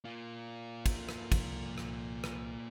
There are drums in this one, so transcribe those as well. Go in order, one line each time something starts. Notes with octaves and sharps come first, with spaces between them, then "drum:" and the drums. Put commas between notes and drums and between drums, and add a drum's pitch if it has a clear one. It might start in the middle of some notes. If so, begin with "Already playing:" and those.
A#3 F4
drum: kick, cymbal
drum: rim click
C2 F3, drum: kick, cymbal
drum: rim click
drum: rim click